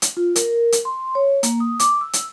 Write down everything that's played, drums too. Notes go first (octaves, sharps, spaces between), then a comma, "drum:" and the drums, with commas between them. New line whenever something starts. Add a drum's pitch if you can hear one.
drum: hi-hat
F4
A#4, drum: hi-hat
drum: hi-hat
C6
C#5
A#3, drum: hi-hat
D#6
D6, drum: hi-hat
E6
drum: hi-hat